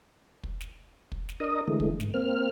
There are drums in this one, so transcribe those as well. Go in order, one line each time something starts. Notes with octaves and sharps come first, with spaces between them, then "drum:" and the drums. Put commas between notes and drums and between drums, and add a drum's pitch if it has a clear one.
drum: kick
drum: snare
drum: kick
drum: snare
D4 A#4 D#5 D#6
D3 E3 G#3 A3
drum: kick
G#2, drum: snare
A#3 C4 F6